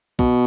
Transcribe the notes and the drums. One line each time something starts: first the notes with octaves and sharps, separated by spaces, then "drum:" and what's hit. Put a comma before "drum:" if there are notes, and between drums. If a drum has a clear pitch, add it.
B2, drum: kick